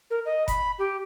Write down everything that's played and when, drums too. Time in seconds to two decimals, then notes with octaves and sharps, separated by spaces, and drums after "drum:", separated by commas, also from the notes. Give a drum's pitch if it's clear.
0.10 A#4
0.25 D#5
0.48 B5, drum: kick F#1, hi-hat
0.79 G4